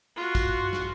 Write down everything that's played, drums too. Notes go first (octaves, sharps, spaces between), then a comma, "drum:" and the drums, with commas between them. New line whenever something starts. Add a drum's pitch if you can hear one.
F4 F#4
drum: kick, tambourine
drum: snare